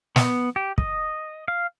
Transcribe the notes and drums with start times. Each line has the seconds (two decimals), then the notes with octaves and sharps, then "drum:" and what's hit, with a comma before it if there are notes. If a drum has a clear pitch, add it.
0.16 B3, drum: snare
0.56 G4
0.78 D#5, drum: kick
1.48 F5